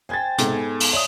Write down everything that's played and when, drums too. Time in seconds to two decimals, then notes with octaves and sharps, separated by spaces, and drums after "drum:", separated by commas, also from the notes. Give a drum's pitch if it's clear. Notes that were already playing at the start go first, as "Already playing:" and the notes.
0.09 C5 G5 G#5 G#6 A6
0.38 G#2 C3 B3 A4, drum: hi-hat
0.52 B4 G#5
0.80 drum: open hi-hat
0.93 C#5 D5 E5 D#6 F#7